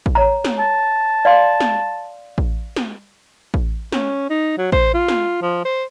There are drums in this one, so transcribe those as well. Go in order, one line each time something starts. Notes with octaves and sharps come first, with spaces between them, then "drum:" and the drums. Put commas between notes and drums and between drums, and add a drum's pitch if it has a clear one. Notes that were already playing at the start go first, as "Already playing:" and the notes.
drum: kick A1
C#5 A#5
drum: snare
A5
D5 F5 C6
drum: snare
drum: kick A1
drum: snare
drum: kick A1
C#4, drum: snare
D#4
F#3
C5, drum: kick A1
F4
drum: snare
F3
C5